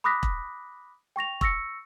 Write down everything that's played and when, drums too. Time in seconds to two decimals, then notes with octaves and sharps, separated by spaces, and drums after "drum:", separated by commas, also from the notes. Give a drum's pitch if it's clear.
0.04 B5 D6 D#6 F#6 A#6 B6
0.23 drum: kick E1
1.16 G5 C#6 A#6 F7
1.41 C#6 E6 A#6 C#7, drum: kick E1